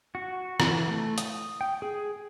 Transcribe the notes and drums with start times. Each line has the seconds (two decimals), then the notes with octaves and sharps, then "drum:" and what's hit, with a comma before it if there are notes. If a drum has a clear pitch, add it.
0.15 F#4
0.60 E3, drum: rim click
0.88 A3
1.18 D#6, drum: hi-hat
1.61 G5
1.82 G#4